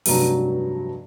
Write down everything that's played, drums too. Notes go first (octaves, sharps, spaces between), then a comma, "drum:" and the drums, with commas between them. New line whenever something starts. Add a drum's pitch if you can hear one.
F1 G2 F#3 A#5, drum: open hi-hat